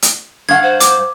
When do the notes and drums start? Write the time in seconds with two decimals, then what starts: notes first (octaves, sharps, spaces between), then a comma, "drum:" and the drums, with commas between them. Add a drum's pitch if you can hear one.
0.02 drum: hi-hat
0.49 G2 F5 F#5 G#6
0.63 C5
0.80 D6, drum: hi-hat